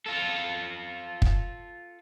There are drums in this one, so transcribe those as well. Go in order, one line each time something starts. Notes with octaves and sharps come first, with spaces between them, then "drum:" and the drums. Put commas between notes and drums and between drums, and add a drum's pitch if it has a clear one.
F4 A4
drum: kick